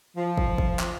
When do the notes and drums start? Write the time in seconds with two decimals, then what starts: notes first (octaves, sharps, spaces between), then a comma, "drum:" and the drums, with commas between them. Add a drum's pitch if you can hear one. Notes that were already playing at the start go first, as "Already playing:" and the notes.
0.17 F3
0.37 drum: kick
0.58 drum: kick
0.79 drum: clap